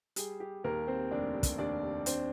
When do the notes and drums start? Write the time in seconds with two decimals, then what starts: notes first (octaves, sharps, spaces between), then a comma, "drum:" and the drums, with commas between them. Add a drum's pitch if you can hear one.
0.16 G3 G#4, drum: hi-hat
0.40 G4
0.64 D#2 A#3 A#4
0.87 C4 C5
1.11 F1 D4 D5
1.43 drum: kick, hi-hat
1.58 D#2 D4 D5
2.06 C4 D4 C5, drum: hi-hat